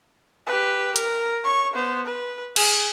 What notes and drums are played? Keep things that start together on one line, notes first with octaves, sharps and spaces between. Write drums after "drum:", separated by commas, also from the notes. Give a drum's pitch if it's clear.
G4 B4
A#4, drum: hi-hat
C#5 C#6
B3 C5
B4
G#4, drum: cymbal